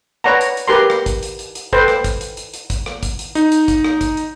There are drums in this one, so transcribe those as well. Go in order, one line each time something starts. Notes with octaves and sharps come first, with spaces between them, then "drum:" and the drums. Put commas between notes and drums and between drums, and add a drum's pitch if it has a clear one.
B4 C#5 D5 F#5 A5 A#5
drum: hi-hat
drum: hi-hat
G4 A#4 B4 A#5 C6
drum: rim click
drum: kick, hi-hat
drum: hi-hat
drum: hi-hat
drum: hi-hat
A4 B4 C5 G5, drum: kick
drum: rim click
drum: kick, hi-hat
drum: hi-hat
drum: hi-hat
drum: hi-hat
drum: kick, hi-hat
drum: rim click
drum: kick, hi-hat
drum: hi-hat
D#4, drum: hi-hat
drum: hi-hat
drum: kick, hi-hat
drum: rim click
drum: kick, hi-hat
drum: hi-hat